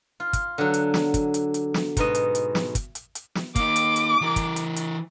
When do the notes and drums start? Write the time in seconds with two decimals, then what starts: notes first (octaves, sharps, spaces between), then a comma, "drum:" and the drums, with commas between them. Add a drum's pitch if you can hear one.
0.20 F4
0.33 drum: kick, hi-hat
0.58 D3 F#3
0.74 drum: hi-hat
0.94 drum: snare
1.14 drum: kick, hi-hat
1.34 drum: hi-hat
1.54 drum: hi-hat
1.74 drum: snare
1.97 G#2 B2 D#5, drum: kick, hi-hat
2.15 drum: hi-hat
2.35 drum: hi-hat
2.55 drum: snare
2.75 drum: kick, hi-hat
2.95 drum: hi-hat
3.15 drum: hi-hat
3.35 drum: snare
3.56 A#3 D#4 D6, drum: kick, hi-hat
3.76 drum: hi-hat
3.96 drum: hi-hat
4.21 E3 A#4
4.36 drum: kick, hi-hat
4.56 drum: hi-hat
4.76 drum: hi-hat